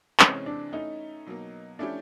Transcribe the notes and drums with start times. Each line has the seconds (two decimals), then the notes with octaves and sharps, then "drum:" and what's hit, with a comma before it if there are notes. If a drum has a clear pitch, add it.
0.20 C3 E3 G#3 C4 C#4, drum: clap
0.46 D4
0.73 A3 C#4 D#4 E4
1.26 B2 F#3 A#3
1.79 F3 A3 C#4 D4 E4 G4